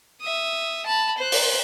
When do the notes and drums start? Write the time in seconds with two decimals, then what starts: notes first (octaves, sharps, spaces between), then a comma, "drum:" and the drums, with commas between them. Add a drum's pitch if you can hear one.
0.21 E5 D#6
0.86 A5 B5
1.18 C5 F#6
1.32 drum: open hi-hat